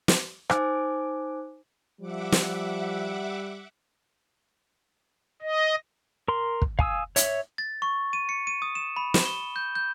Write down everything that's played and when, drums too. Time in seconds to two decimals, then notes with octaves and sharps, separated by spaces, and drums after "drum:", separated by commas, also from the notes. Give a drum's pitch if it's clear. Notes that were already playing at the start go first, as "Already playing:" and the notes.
0.08 drum: snare
0.50 D#4 C5 G#5 D6, drum: rim click
2.01 F3 G3 E5 F#5 D6
2.32 drum: snare
5.42 D#5
6.28 A#4 C6
6.62 drum: kick
6.79 F5 G#5 D#6 E6, drum: kick
7.16 C#5 E5, drum: hi-hat
7.58 A6
7.82 C#6
8.13 D#7
8.29 C#7
8.47 D#7
8.62 D#6
8.75 E7
8.96 B5
9.14 E7, drum: snare
9.25 G7
9.56 G6
9.75 G6